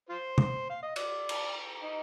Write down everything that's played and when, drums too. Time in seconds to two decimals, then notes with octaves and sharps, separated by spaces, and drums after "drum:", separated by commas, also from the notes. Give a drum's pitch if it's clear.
0.09 F4 C5
0.38 drum: tom C3
0.70 F5
0.83 D#5
0.96 D5, drum: cymbal
1.29 drum: cymbal
1.82 D#4